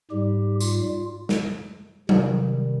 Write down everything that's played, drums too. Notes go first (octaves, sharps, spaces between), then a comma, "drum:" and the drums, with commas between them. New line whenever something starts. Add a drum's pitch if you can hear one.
G#2 G3 G4
F4, drum: tambourine
drum: snare
C3 D#3 G3, drum: tom F#3